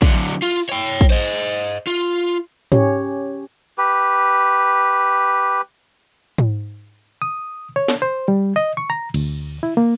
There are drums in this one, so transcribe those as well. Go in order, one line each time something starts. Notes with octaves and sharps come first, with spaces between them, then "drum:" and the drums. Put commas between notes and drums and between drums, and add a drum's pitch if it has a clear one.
D3 F#3, drum: kick
F4, drum: cymbal
C#5 G5
drum: kick
C5 D#5
F4
C#4 G4 C#5, drum: tom G#2
G4 B4
drum: tom G#2
D#6
C#5
drum: snare
C5
G3
D#5
C#6
A#5
D2, drum: cymbal
E4
A#3